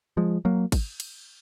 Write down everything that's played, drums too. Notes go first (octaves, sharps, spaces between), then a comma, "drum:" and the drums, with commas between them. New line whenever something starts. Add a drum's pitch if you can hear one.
F3 G#3
F#3 A#3
drum: kick, cymbal
drum: cymbal